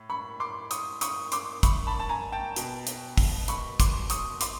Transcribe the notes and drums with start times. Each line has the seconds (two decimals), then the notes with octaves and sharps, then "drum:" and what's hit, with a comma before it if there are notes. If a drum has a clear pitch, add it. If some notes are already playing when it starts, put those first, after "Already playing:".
Already playing: A2
0.10 B5 C#6
0.40 C6 D6
0.71 C#6 D#6, drum: hi-hat
1.01 C#6 D#6, drum: hi-hat
1.32 C6 D6, drum: hi-hat
1.63 B5 C#6, drum: kick, hi-hat
1.87 A5 B5
1.99 A5
2.09 G#5 A#5
2.32 G5 A5
2.56 B2, drum: hi-hat
2.87 drum: hi-hat
3.18 drum: kick, open hi-hat
3.48 B5 C#6, drum: hi-hat
3.80 C6 D6, drum: kick, hi-hat
4.10 C#6 D#6, drum: hi-hat
4.41 C6 D6, drum: hi-hat